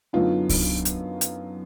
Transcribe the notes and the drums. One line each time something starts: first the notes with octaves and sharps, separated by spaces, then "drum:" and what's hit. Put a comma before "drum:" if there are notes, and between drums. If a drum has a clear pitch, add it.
F#2 D3 F#3 B3 D#4 F4
drum: kick C2, open hi-hat
drum: hi-hat
drum: hi-hat